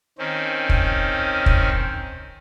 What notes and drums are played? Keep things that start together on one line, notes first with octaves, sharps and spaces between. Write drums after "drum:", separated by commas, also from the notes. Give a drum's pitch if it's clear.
D#3 C4 C#4
drum: kick
drum: kick